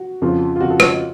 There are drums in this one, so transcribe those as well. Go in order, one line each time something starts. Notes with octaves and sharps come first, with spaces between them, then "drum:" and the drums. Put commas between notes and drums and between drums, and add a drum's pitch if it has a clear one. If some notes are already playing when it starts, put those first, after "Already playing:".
Already playing: F#4
F2 C#3 F3
F4
F2 C#3 F3 F#4
A4
C#5, drum: rim click
D#5